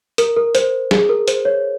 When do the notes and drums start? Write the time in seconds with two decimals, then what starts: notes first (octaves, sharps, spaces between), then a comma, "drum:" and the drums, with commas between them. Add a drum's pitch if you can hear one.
0.18 A#4, drum: hi-hat
0.36 A#4
0.55 C5, drum: hi-hat
0.91 G#4, drum: snare
1.09 A#4
1.28 C5, drum: hi-hat
1.45 C#5